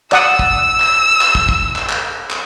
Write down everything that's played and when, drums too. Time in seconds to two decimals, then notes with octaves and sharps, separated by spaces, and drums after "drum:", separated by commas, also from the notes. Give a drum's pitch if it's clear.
0.12 D5 F#5 D#6 E6, drum: clap
0.39 drum: kick
0.80 drum: clap
1.21 drum: clap
1.35 drum: kick
1.49 drum: kick
1.76 drum: clap
1.90 drum: clap
2.31 drum: clap